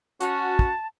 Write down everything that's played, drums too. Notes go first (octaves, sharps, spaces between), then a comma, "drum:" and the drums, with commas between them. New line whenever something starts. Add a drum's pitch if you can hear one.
C#4 F#4 A5, drum: hi-hat
drum: kick